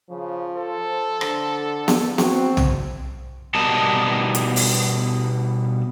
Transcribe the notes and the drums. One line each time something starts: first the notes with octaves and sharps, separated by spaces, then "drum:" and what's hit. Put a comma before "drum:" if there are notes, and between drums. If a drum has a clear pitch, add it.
C#3 F3
A4 C5
D3, drum: rim click
drum: snare B3
C4 F#4, drum: snare B3
drum: tom
B2 G3 A#4 D#5 A5
drum: hi-hat
drum: open hi-hat